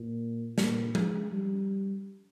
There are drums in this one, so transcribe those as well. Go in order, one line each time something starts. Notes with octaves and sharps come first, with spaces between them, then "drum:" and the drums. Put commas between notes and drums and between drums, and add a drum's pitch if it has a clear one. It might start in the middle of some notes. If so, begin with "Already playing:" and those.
Already playing: A#2
A#2, drum: snare
G#3, drum: tom F3
G3